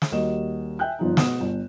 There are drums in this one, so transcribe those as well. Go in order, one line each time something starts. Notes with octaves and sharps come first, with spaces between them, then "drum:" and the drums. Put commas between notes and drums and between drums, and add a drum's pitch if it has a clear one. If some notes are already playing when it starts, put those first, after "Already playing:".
drum: snare
D#2 G3 F#4 D#5 E7
E5 G5 G#5 F#6 G6
G1 F3 D#4
B2 B3 D#6 E7, drum: snare
G1